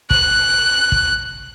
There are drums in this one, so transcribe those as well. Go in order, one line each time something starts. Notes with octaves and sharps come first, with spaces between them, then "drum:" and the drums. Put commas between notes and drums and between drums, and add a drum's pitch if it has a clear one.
F#6, drum: kick
drum: kick